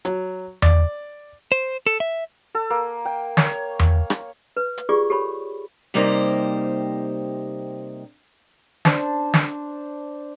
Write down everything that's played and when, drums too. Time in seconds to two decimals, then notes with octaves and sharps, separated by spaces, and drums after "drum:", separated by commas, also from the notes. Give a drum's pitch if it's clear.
0.05 F#3, drum: hi-hat
0.62 D5, drum: tom E2
1.52 C5
1.86 A4
2.00 E5
2.55 A4
2.70 A#3
3.05 G5
3.37 C#5, drum: snare
3.79 C#6, drum: tom E2
4.10 drum: rim click
4.57 B4
4.78 drum: hi-hat
4.89 F4 G4 G#4 D5 C#6 D6
5.10 G4 A4 C#5 B5
5.94 C3 G3 A#3 D#4 G4 C5
8.85 D4 C5 A5, drum: snare
9.34 drum: snare